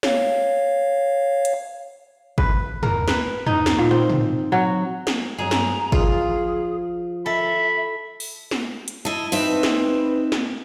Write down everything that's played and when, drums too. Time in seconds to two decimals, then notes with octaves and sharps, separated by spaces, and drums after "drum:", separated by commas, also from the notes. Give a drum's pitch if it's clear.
0.03 C#5 F5, drum: snare
1.45 drum: hi-hat
2.38 B4, drum: kick
2.83 A#4, drum: tom
3.08 B4, drum: snare
3.46 D#4, drum: tom
3.66 drum: snare
3.79 A#2
3.91 C4
4.09 drum: tom
4.52 F#3
5.07 drum: snare
5.38 G2 F#3 G#4 A#5
5.51 drum: snare
5.92 F3 F4 G#4, drum: kick
7.26 A4 E5 B5
8.20 drum: open hi-hat
8.51 drum: snare
8.88 drum: hi-hat
9.05 E4 D#5 A5
9.32 C4 D#4 B4 E5, drum: open hi-hat
9.63 drum: snare
10.32 drum: snare